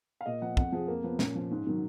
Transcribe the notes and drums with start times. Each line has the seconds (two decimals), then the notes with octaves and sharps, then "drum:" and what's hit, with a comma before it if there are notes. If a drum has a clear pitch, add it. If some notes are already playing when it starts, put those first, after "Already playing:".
0.21 F5
0.26 A#2 D#5
0.42 F3 F#5
0.57 F2 F#5, drum: kick
0.72 F3 G#4
0.88 F2 A#3
1.03 F3 B3
1.19 A#2 C#4, drum: snare
1.35 F3
1.51 G#2
1.67 D#3 F#3